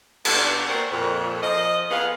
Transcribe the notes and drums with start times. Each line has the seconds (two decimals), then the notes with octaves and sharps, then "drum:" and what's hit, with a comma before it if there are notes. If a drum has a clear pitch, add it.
0.25 G2 D3 B3 D4, drum: cymbal
0.68 A#3 C4 F#4 A#4 C5 D5
0.91 F2 A#2
1.41 F3 D#5
1.91 F2 F3 B3 G#4 F5